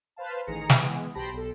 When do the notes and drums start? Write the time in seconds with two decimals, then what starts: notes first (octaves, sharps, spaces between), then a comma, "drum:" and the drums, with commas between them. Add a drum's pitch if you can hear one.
0.16 B4 C5 F5 A5
0.47 A1 D#3 G#4 A#5 C#7
0.70 drum: snare
0.81 E3 G#3 B3
1.15 B1 G4 C5 A5 B5 A#6
1.32 B1 A4